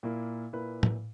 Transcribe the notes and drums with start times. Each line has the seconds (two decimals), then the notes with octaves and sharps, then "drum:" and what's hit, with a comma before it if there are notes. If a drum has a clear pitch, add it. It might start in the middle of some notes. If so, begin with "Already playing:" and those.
0.03 A#2 A#3 E4
0.53 A#2 A#3 E4 B4
0.83 drum: tom A2